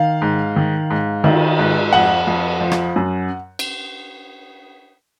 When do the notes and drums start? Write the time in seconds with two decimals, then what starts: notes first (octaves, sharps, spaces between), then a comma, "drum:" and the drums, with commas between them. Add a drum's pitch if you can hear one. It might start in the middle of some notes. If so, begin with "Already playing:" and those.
Already playing: D#3 F5
0.22 G#2
0.56 D#3
0.90 G#2
1.24 D#3, drum: cymbal
1.59 G#2
1.93 F2 F#5
2.27 F2
2.61 F3
2.72 drum: rim click
2.96 F#2
3.59 drum: cymbal